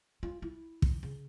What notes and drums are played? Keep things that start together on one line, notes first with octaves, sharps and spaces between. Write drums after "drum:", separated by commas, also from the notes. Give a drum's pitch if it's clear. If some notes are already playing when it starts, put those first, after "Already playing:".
F4
E4
drum: kick
C#3